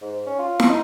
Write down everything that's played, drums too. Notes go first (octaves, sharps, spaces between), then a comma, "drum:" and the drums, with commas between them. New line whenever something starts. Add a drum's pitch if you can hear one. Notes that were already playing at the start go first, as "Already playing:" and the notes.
G#2
C#4
F4
drum: snare
D#4